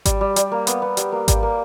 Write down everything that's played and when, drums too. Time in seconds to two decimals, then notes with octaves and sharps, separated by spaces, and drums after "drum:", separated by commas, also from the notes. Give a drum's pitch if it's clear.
0.05 G3, drum: kick G#1, hi-hat
0.21 G3
0.36 G3, drum: hi-hat
0.52 A#3
0.67 B3, drum: hi-hat
0.82 B3
0.97 G3, drum: hi-hat
1.12 A#3
1.28 G3, drum: kick G#1, hi-hat
1.43 A#3